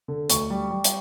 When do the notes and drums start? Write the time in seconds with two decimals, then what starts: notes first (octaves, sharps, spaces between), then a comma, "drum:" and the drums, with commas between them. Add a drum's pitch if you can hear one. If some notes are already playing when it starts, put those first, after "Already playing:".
0.08 D3
0.30 D2 C#6, drum: hi-hat
0.50 G3
0.70 G3
0.84 drum: hi-hat